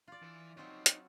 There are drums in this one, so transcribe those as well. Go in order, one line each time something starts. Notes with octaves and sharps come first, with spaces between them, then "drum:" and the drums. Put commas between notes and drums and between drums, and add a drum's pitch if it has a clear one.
F4 D5
E3
F#3 C4 D#4 F4 C#5
drum: hi-hat